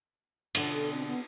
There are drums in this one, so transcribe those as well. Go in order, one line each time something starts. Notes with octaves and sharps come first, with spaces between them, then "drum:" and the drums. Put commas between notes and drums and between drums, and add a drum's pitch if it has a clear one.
B2 D3, drum: cymbal
A4
C4
B3